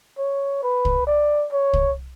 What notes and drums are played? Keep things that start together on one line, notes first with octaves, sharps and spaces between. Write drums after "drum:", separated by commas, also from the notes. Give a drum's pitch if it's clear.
C#5
B4
drum: kick
D5
C#5
drum: kick